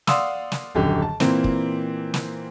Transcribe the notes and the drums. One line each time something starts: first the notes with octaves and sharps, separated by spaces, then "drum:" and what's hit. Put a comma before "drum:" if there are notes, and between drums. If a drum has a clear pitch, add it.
D5 F5 F#5 C6 D#6 E6, drum: snare
drum: snare
D#1 F#2 D3 G4
A5
A#2 E3 A#3 C4, drum: snare
drum: kick
drum: snare